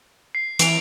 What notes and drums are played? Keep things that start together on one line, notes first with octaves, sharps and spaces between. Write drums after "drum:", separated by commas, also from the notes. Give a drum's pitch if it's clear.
C7
E3 C7 D7 F7, drum: hi-hat